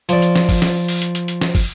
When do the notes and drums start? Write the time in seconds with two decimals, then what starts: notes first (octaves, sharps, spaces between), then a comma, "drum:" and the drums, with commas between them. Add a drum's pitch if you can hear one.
0.09 F3 D5, drum: hi-hat
0.22 drum: hi-hat
0.35 drum: snare
0.49 drum: kick, open hi-hat
0.62 drum: snare
0.88 drum: open hi-hat
1.02 drum: hi-hat
1.15 drum: hi-hat
1.28 drum: hi-hat
1.41 drum: snare
1.55 drum: kick, open hi-hat